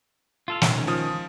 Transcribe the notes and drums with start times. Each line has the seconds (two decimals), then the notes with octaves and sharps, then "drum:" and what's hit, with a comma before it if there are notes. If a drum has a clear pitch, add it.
0.48 F4 A4 F5
0.61 D#3 C#4, drum: snare
0.87 F3 D#6 F6